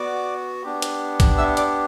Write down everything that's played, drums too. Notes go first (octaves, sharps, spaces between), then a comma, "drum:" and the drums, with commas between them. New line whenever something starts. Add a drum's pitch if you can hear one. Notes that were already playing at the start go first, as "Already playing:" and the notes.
Already playing: B3 F#4 D5 D6
B3 D4 G4
drum: hi-hat
drum: kick A#1, hi-hat
E5 E6
D5 D6, drum: hi-hat